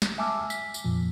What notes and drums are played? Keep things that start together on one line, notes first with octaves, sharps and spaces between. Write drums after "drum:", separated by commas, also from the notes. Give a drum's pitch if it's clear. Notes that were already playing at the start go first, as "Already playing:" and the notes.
drum: snare
E5 G#5 A5 D6 E6 F6
B6, drum: tambourine
drum: tambourine
F2 A#2 F3